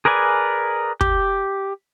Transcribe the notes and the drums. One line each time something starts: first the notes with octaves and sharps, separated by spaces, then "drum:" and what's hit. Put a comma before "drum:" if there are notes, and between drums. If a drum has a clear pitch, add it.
G#4 A#4 B4 D5 G#5
G4, drum: kick